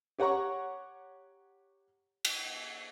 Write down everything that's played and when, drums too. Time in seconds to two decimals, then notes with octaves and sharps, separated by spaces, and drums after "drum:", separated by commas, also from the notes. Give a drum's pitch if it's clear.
0.18 G4 C#5 F#5 A#5 C#6
2.25 drum: cymbal